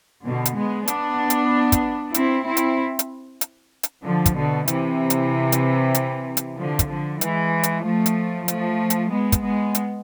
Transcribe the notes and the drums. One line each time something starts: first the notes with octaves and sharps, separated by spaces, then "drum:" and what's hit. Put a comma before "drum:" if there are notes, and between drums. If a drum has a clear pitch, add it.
B2 D3
drum: hi-hat
G#3 B3
B3 D4, drum: hi-hat
drum: hi-hat
drum: kick, hi-hat
C4 E4, drum: hi-hat
C4 E4
drum: hi-hat
drum: hi-hat
drum: hi-hat
drum: hi-hat
D3 F3
drum: kick, hi-hat
B2 D3
C3 E3, drum: hi-hat
drum: hi-hat
drum: hi-hat
drum: hi-hat
drum: hi-hat
D3 F3
drum: kick, hi-hat
D3 F3
E3 G#3, drum: hi-hat
drum: hi-hat
F3 A3
drum: hi-hat
F3 A3, drum: hi-hat
drum: hi-hat
G#3 B3
drum: kick, hi-hat
G#3 B3
drum: hi-hat